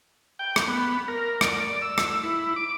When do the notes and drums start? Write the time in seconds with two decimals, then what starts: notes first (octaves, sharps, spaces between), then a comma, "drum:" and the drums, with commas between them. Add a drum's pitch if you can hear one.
0.39 G5
0.56 drum: rim click
0.68 B3
1.08 A#4
1.41 D5, drum: rim click
1.82 E6
1.98 drum: rim click
2.23 E4
2.56 D6